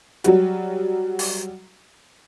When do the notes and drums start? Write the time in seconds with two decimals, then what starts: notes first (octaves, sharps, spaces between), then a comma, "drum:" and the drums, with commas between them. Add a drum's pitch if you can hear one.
0.24 F#3 G3 F#4, drum: hi-hat
1.19 drum: open hi-hat